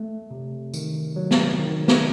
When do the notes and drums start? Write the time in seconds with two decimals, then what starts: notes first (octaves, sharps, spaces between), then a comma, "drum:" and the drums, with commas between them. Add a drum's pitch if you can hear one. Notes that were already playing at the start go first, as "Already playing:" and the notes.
Already playing: A3
0.31 C3
0.74 D#3, drum: tambourine
1.16 F#3
1.31 drum: snare
1.59 D#3
1.88 drum: snare